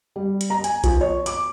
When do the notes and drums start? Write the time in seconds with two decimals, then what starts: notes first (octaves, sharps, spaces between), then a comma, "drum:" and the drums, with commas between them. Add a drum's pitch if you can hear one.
0.16 G3
0.41 drum: hi-hat
0.50 A#5
0.64 G#5, drum: hi-hat
0.84 F3, drum: kick B1, hi-hat
1.01 C#5
1.26 D6, drum: hi-hat